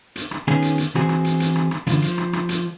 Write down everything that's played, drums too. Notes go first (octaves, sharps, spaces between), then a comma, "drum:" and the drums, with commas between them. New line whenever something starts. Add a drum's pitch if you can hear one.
drum: hi-hat
drum: rim click
D#3 B3 C#4 G#4, drum: rim click
drum: hi-hat
drum: hi-hat
E3 C4 F#4 G#4, drum: rim click
drum: rim click
drum: hi-hat
drum: hi-hat
drum: rim click
drum: rim click
F#2 D3 E3 F4, drum: hi-hat
F3, drum: hi-hat
drum: rim click
drum: rim click
drum: hi-hat